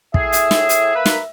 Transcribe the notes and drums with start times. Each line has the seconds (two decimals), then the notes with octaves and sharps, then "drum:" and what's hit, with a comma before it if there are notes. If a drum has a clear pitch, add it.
0.14 A2 G#4 E5, drum: kick
0.33 drum: hi-hat
0.51 drum: snare
0.69 drum: hi-hat
0.95 A#3 B4
1.06 drum: snare